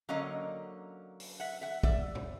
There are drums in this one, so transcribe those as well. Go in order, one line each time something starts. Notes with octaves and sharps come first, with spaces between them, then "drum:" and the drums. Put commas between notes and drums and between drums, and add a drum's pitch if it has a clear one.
D3 F#3 A#3 C#4 D#5 F5
drum: open hi-hat
E5 F#5
E5 F#5
D5 E5, drum: kick
drum: tom